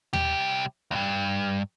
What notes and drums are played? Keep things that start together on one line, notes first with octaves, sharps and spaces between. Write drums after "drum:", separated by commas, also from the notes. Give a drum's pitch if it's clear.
C2 G4, drum: tom D#2
D2 G2